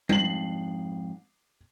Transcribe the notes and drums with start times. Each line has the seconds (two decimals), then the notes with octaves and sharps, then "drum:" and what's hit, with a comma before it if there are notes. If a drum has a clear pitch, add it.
0.09 F2 G#2 C7 F#7, drum: tom G3